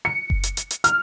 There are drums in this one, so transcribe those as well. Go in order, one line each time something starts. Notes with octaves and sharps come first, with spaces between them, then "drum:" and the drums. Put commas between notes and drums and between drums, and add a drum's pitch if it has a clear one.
C#7
drum: kick F#1
drum: hi-hat
drum: hi-hat
drum: hi-hat
F6, drum: hi-hat